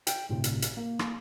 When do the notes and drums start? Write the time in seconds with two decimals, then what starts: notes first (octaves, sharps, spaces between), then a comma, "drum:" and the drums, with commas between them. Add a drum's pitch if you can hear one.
0.07 G5, drum: hi-hat
0.29 G1 A2 C3
0.44 drum: hi-hat
0.62 drum: hi-hat
0.77 A#3
0.99 drum: rim click